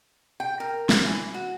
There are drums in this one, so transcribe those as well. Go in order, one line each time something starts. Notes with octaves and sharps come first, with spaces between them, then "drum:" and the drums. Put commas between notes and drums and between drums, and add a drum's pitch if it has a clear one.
G5
A#4
drum: snare
E3
F#4